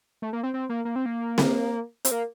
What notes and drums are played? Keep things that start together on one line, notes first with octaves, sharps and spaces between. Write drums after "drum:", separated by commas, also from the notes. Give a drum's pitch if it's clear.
A3
A#3
C4
C4
A#3
A#3
C4
A#3
drum: snare C4
C4, drum: hi-hat
A#3